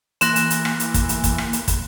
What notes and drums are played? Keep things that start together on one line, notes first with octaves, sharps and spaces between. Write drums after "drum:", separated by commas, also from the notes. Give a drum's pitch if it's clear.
E3 A#3 C6 F#6 A#6 E7, drum: hi-hat
drum: hi-hat
drum: hi-hat
drum: rim click
drum: hi-hat
drum: kick, hi-hat
drum: hi-hat
drum: kick, hi-hat
drum: rim click
drum: hi-hat
drum: kick, hi-hat